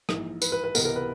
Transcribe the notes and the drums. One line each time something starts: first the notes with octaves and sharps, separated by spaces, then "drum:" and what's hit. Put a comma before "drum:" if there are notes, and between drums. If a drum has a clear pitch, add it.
A#1 G#2 E3, drum: rim click
B4, drum: tambourine
B4
B4
C#2 C3 E3 G#3 B3 A#4, drum: tambourine
A#4
B4